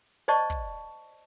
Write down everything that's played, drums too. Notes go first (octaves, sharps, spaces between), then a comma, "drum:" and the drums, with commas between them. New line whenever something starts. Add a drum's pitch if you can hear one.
C5 D5 D#5 A5 C#6
drum: kick